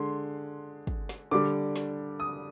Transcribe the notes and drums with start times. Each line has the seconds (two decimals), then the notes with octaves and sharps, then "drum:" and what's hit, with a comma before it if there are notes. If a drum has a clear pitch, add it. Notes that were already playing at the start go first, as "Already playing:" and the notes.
Already playing: D3 G#3 C6
0.87 drum: kick
1.09 drum: snare
1.31 D3 G3 D6
1.76 drum: snare
2.20 D#6